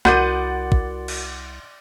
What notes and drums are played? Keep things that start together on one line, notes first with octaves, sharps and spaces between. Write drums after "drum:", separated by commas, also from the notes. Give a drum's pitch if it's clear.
C2 F#4 A#4 D5 F#5 C6 G6 D#7, drum: snare
drum: kick
drum: cymbal